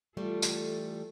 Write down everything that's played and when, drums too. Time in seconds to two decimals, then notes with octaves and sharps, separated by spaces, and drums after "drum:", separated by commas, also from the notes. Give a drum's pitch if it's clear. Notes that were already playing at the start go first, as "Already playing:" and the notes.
0.17 E3 G3 A3 F4 A4
0.42 drum: tambourine